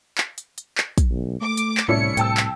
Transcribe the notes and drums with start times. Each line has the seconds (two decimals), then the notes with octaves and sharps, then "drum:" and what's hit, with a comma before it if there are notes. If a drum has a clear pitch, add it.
0.18 drum: clap
0.38 drum: hi-hat
0.58 drum: hi-hat
0.78 drum: clap
0.98 drum: kick, hi-hat
1.10 B1
1.41 A3 D6
1.57 drum: hi-hat
1.77 drum: clap
1.89 C2 A2 C#4 D4 E4 C#7
2.17 A2 G5 A5 E6, drum: hi-hat
2.37 drum: clap